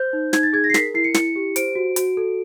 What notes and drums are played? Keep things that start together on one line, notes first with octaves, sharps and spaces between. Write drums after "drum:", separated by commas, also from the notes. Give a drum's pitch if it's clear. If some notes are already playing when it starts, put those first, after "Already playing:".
Already playing: C5 G6
D#4
D#4 G#6, drum: snare
A6
G#4 G#6
A#6
C7
A#4 B6, drum: snare
E4 C7
C#7
E4 C#7, drum: snare
G4
C5 D7, drum: hi-hat
F#4
F#4, drum: hi-hat
A4